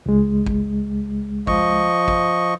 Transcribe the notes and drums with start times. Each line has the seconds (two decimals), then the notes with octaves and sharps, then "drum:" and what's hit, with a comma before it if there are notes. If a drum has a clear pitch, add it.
0.06 C#2 G#3
0.46 drum: kick
1.47 F3 D#5 C#6, drum: kick
2.08 drum: kick